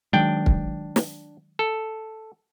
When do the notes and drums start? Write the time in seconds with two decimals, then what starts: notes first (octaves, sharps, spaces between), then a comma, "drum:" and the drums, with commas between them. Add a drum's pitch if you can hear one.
0.13 D#3 F#3 G#3 D4 G5
0.46 drum: kick
0.96 drum: snare
1.59 A4